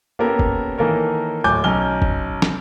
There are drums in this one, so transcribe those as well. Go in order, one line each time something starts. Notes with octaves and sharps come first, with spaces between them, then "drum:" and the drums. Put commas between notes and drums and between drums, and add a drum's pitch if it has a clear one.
A#3 B3 C#4 G4 A4 A#4
drum: kick
D#3 E3 A#3 A4 A#4 C#5
D1 C#5 G#5 D6 G6
B1 C#4 G#5 F6 G7
drum: kick
drum: snare